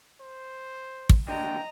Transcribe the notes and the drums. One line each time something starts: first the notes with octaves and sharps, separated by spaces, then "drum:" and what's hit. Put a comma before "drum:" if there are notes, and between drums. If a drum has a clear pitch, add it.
C5
drum: kick
D#2 D3 D#5 G5 A#5